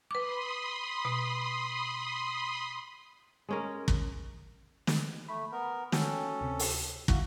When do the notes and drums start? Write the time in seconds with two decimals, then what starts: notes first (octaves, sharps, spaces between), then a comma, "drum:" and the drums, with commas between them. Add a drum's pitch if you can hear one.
0.11 B4 B5 C6 D6 D#6
1.05 B2
3.49 G#3 C#4 A#4
3.88 drum: kick
4.87 drum: snare
5.28 A3 B5
5.52 B3 A#4
5.92 C#4 F#4 A4 G5, drum: snare
6.41 D2 C3
6.59 drum: open hi-hat
7.08 E4 F#4 F5, drum: kick